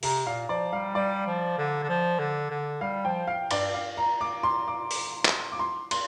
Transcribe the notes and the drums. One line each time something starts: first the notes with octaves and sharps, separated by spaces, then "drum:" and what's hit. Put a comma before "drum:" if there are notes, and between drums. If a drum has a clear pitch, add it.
C3 A#5, drum: open hi-hat
A#2 F5
F3 D5
G3 F5
G3 D5
F3
D3
D3
F3
D3
D3
G3 F5
F3 G5
F5
G2 D5, drum: cymbal
F5
A#5
D6
C6
D6
drum: open hi-hat
drum: clap
D6
C6
C6, drum: cymbal